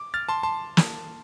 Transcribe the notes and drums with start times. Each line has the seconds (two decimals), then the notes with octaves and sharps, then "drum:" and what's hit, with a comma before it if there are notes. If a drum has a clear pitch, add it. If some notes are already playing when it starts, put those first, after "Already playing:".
Already playing: D6
0.14 F6 A6
0.29 A5 C6
0.43 A5 C6
0.77 drum: snare